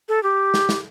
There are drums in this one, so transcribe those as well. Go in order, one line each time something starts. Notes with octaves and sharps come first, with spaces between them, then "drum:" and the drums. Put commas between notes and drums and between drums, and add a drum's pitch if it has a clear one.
A4
G4
drum: snare
drum: snare